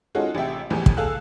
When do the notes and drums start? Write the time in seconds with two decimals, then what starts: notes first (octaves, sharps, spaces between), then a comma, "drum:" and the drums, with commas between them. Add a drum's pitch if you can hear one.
0.15 G#3 C#4 D#4 F4 F#4 A4
0.35 A1 C3 E5 G5
0.70 E2 A2 E3 F3 G3
0.86 drum: kick
0.97 G#4 A4 F5 E6 F#6